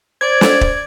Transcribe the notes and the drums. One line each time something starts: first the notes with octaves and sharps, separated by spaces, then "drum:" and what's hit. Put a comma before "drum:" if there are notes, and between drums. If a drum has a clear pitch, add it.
C5 D5 G#6
drum: snare
drum: kick